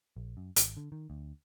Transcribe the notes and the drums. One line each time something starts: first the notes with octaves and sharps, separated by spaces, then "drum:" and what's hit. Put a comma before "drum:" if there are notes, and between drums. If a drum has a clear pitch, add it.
A#1
F#2
G#1, drum: hi-hat
D3
D#3
D2